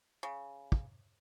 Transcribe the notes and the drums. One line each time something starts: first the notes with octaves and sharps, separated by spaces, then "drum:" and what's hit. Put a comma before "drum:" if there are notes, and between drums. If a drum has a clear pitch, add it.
C#3
drum: kick